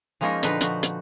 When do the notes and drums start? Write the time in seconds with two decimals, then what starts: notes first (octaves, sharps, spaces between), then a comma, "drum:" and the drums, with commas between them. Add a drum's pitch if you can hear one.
0.21 F3 G#3 A#3 C#4 D#4
0.43 A#2 D3 F3 D#4 B4, drum: hi-hat
0.61 F3 F#4, drum: hi-hat
0.83 drum: hi-hat